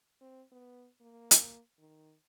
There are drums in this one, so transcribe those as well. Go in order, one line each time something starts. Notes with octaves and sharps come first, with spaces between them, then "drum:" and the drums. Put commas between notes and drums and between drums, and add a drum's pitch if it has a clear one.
C4
B3
A#3
drum: hi-hat
D#3